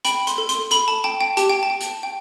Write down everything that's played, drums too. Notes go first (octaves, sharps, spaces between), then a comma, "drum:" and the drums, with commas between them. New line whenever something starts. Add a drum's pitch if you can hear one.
G5 B5, drum: hi-hat
C6, drum: hi-hat
A4
C6, drum: hi-hat
A4 B5, drum: hi-hat
A5
G5 A5
G5
G4 A5, drum: hi-hat
G5
A5
G5
drum: hi-hat
G5